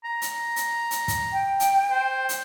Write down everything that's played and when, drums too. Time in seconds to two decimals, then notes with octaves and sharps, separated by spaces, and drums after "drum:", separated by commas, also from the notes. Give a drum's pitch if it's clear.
0.04 A#5
0.22 drum: hi-hat
0.56 drum: hi-hat
0.91 drum: hi-hat
1.08 drum: kick, hi-hat
1.33 G5
1.60 drum: hi-hat
1.91 C5
2.29 drum: hi-hat